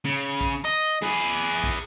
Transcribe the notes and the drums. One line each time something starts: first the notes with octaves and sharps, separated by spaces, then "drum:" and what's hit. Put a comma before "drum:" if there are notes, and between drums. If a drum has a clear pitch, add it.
C#3
drum: kick, hi-hat
D#5
G#4 B4, drum: snare
drum: kick, hi-hat